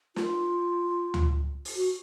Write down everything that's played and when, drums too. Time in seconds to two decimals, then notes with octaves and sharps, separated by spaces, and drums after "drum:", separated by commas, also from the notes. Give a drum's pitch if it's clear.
0.16 F4, drum: snare
1.14 drum: tom D2
1.65 drum: open hi-hat
1.76 F#4